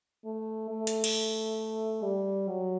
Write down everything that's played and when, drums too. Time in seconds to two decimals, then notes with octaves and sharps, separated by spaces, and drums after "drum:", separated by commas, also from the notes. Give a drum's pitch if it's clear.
0.25 A3
0.69 A3
0.87 drum: hi-hat
1.04 drum: cymbal
2.03 G3
2.48 F#3